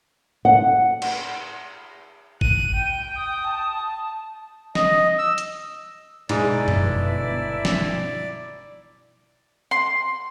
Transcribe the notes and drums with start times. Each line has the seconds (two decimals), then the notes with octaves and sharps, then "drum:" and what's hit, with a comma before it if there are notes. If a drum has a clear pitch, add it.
0.45 F#5
1.02 drum: cymbal
2.41 F#6 D#7, drum: kick G#1
2.75 G5
3.16 D#6
3.46 A5
4.75 D#5, drum: snare
5.18 E6
5.38 drum: hi-hat
6.29 G1 G#2 B2 D4 E4 D5, drum: cymbal
6.68 drum: tom F#2
7.65 drum: snare
9.71 C6